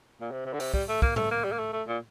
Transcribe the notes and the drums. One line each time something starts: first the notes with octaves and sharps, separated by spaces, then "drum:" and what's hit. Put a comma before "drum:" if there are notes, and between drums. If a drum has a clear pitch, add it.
A#2
C3
C3
D3
C3, drum: open hi-hat
G3, drum: kick
A3
A#3, drum: kick
A3, drum: tom A2
A#3
G3
A#3
A3
A3
A#2